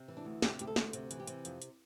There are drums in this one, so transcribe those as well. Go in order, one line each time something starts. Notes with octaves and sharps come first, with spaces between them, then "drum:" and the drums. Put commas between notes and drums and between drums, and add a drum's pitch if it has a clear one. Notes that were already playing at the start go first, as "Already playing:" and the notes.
Already playing: C3
E3
D4
D2
C3 G4, drum: snare
D2 G4, drum: hi-hat
A4
D2, drum: snare
C3, drum: hi-hat
E3, drum: hi-hat
G4
C3, drum: hi-hat
F2, drum: hi-hat
drum: hi-hat